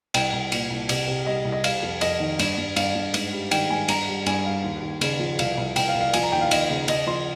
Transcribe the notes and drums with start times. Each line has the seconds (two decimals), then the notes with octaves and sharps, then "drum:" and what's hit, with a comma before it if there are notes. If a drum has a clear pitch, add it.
0.14 C2 G5, drum: cymbal
0.33 C2
0.52 A#2, drum: cymbal
0.70 C2
0.89 C3, drum: cymbal
1.08 C3
1.26 G3 D#5
1.45 C2
1.52 D#5
1.64 G3 F5, drum: cymbal
1.83 F2
2.01 F2 D#5, drum: cymbal
2.20 D#3
2.39 G2, drum: cymbal
2.58 G2
2.76 G2 F5, drum: cymbal
2.95 G2
3.14 G#2, drum: cymbal
3.33 G3
3.51 D#3 G5, drum: cymbal
3.70 G#2 G#5
3.88 G2 A#5, drum: cymbal
4.08 G3
4.26 G2 G#5, drum: cymbal
4.45 G3 F5
4.63 D#2
4.82 D#2
5.01 C#3, drum: cymbal
5.19 F3
5.39 C2 F5, drum: cymbal
5.57 C2
5.76 C2 G5, drum: cymbal
5.88 F5
5.95 C2
6.01 F5
6.13 F3 G#5, drum: cymbal
6.23 A#5
6.32 D#2 G5
6.41 F5
6.51 D#2 D#5, drum: cymbal
6.70 C#3
6.88 C#3 D#5, drum: cymbal
7.07 F3 C6